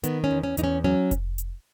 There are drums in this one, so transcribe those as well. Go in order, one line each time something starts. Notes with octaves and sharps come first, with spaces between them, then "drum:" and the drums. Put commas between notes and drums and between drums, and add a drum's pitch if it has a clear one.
D#3 B3, drum: hi-hat
C#4
E2
C#4
E2 D#4, drum: hi-hat
C#4
F#3 C#4
drum: kick F1, hi-hat
drum: hi-hat